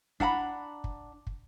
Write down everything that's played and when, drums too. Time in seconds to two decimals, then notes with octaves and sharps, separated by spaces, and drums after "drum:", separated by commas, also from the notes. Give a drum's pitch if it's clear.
0.20 D4 F#5 A#5 B5, drum: kick
0.84 drum: kick
1.27 drum: kick